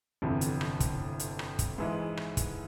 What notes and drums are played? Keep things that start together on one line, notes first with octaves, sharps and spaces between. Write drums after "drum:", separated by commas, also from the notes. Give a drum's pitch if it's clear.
G1 F2 C3 E3
drum: hi-hat
drum: rim click
drum: kick, hi-hat
drum: hi-hat
drum: rim click
drum: kick, hi-hat
G#2 E3 G#3
drum: rim click
drum: kick, hi-hat